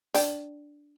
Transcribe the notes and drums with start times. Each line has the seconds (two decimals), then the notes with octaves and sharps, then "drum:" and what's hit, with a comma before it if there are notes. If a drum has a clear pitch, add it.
0.14 D4 G5, drum: hi-hat